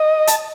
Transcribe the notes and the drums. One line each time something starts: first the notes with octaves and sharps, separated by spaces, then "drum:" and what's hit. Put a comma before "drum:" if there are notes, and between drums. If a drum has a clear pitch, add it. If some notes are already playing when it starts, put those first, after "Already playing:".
Already playing: D#5
A5, drum: hi-hat